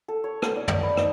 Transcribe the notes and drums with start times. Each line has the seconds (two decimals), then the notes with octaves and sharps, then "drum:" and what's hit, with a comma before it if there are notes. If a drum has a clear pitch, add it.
0.08 A4
0.24 C#5
0.42 A4, drum: rim click
0.56 D5
0.68 D5, drum: tom
0.83 B4
0.97 D#4, drum: rim click